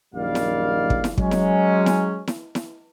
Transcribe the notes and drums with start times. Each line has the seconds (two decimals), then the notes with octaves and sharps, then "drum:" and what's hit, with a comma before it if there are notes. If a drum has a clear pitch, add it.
0.15 A#1 F#2 D#3 G3 D5 F5
0.35 drum: snare E4
0.90 drum: kick
1.04 drum: snare E4
1.18 F#3 G#3 C#4, drum: kick
1.31 drum: snare E4
1.86 drum: snare E4
2.28 drum: snare E4
2.55 drum: snare E4